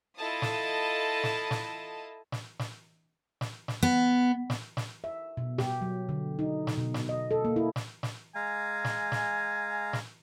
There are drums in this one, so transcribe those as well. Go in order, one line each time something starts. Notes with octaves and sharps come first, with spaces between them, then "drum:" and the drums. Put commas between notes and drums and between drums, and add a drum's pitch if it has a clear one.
E4 F4 A4 D#5 A5 D#6
drum: snare
drum: snare
drum: snare
drum: snare
drum: snare
drum: snare
drum: snare
B3
drum: snare
drum: snare
E5
B2
G4, drum: snare
F#3
D3
D#4
drum: snare
B2
drum: snare
D#5
A4
A#3
E4
drum: snare
drum: snare
G#3 F5 G#5 A#5
drum: snare
drum: snare
drum: snare